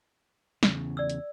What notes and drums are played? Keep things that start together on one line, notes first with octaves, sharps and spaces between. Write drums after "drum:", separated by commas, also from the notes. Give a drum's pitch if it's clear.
E2 A2 C#3, drum: snare
D5 E6
drum: hi-hat